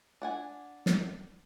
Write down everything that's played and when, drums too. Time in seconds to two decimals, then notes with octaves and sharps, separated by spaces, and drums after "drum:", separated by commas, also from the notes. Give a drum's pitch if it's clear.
0.22 D4 F#5 G#5
0.86 drum: snare